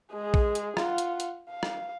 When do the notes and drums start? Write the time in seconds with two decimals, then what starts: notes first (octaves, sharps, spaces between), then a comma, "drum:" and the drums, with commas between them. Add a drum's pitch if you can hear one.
0.13 G#3 G#4
0.34 drum: kick
0.55 drum: hi-hat
0.77 F4 F#5, drum: rim click
0.98 drum: hi-hat
1.20 drum: hi-hat
1.49 F5
1.63 drum: rim click